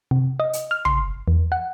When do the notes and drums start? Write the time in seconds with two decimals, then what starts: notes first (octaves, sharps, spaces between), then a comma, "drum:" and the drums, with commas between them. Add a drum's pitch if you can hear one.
0.11 C3
0.40 D#5
0.53 drum: hi-hat
0.71 F6
0.85 C6, drum: tom
1.28 E2
1.52 F#5